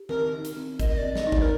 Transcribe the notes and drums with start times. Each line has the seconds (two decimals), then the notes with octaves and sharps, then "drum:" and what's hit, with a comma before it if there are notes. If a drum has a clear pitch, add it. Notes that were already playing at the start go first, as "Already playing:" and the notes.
Already playing: G4
0.09 C4 A#4, drum: tom D#3
0.33 D#4
0.45 drum: hi-hat
0.56 C4
0.80 A#4 D#5, drum: kick G#1, hi-hat
0.90 D#5
0.98 D5
1.03 C4
1.15 D#5, drum: snare
1.27 D#4
1.32 D5, drum: kick G#1
1.42 A#4